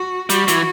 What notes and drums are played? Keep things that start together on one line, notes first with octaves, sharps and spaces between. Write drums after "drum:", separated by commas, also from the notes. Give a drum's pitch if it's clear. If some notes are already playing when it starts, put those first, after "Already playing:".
Already playing: F#4
G3 F#4, drum: hi-hat
E3, drum: hi-hat